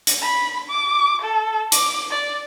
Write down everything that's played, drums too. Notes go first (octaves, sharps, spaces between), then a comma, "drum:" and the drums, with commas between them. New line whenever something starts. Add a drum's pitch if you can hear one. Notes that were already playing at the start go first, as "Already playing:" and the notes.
drum: hi-hat
B5
D6
A4
D6, drum: hi-hat
D5